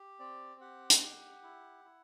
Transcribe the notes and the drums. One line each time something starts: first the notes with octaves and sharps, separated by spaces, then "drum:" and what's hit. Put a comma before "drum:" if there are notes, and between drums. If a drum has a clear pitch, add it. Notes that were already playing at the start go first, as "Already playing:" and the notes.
Already playing: G4
C4 D5
G4 F#5
drum: hi-hat
G4
E4
E4